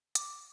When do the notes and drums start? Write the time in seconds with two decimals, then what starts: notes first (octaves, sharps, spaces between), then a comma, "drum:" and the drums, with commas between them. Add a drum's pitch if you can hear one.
0.15 D6, drum: hi-hat